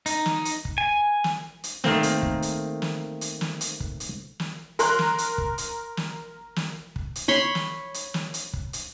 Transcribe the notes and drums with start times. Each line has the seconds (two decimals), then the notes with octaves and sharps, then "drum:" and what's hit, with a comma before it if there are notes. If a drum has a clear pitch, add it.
0.06 D#4, drum: hi-hat
0.26 drum: snare
0.45 drum: hi-hat
0.65 drum: kick
0.78 G#5
1.24 drum: snare
1.64 drum: hi-hat
1.84 D#3 A3 A#3 C4, drum: snare
2.03 drum: hi-hat
2.23 drum: kick
2.42 drum: hi-hat
2.82 drum: snare
3.21 drum: hi-hat
3.41 drum: snare
3.61 drum: hi-hat
3.80 drum: kick
4.00 drum: hi-hat
4.40 drum: snare
4.79 A#4 C6 F#6, drum: hi-hat
4.99 drum: snare
5.18 drum: hi-hat
5.38 drum: kick
5.58 drum: hi-hat
5.97 drum: snare
6.56 drum: snare
6.96 drum: kick
7.15 drum: hi-hat
7.28 C#5 B5 C6
7.55 drum: snare
7.94 drum: hi-hat
8.14 drum: snare
8.34 drum: hi-hat
8.53 drum: kick
8.73 drum: hi-hat